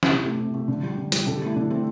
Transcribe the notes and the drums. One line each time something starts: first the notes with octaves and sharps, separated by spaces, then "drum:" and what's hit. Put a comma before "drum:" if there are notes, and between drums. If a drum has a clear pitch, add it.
E4, drum: snare
C3 G4
A3
C3
A3
D3
G3
D3
G3, drum: hi-hat
D3 A4
G4
A3 E4
D3 D4
A3 C4